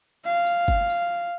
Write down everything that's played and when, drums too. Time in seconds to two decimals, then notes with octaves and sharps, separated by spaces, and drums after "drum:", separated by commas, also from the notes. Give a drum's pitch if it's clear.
0.25 F5
0.46 drum: tambourine
0.68 drum: kick G1
0.90 drum: tambourine